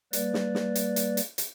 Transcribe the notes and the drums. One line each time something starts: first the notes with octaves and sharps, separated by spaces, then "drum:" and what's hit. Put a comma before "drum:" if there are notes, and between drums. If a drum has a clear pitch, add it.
G3 A#3 B4 D5, drum: hi-hat
drum: snare
drum: snare
drum: hi-hat
drum: hi-hat
drum: hi-hat
drum: hi-hat